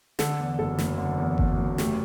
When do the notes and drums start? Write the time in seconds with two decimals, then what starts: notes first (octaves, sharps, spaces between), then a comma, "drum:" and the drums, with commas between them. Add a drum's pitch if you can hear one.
0.19 D3 A4, drum: snare
0.39 E2
0.59 F#1 A4
0.78 F#1, drum: snare
0.98 D3
1.18 E2
1.38 F#1, drum: kick G1
1.58 F#1
1.78 A3 G4, drum: snare